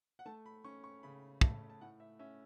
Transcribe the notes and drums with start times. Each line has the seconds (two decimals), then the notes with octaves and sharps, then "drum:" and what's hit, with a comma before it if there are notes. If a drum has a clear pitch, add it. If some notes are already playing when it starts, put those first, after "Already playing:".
0.19 F#5
0.26 A3 A5
0.46 B5
0.64 C#4 C#6
0.84 C#6
1.03 C#3 B5
1.41 A3 A5, drum: kick
1.70 A5
1.81 A2 F#5
2.00 E5
2.19 C#4 E5